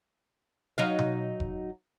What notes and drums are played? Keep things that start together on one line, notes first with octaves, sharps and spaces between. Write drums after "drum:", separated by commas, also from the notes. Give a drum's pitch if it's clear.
F#3 D#4 F5
drum: tom B2
drum: kick F1